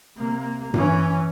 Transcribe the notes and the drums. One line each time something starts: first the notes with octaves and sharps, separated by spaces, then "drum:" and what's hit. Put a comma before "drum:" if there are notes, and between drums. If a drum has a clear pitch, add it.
C3 A#3
E3 C#4, drum: tom G2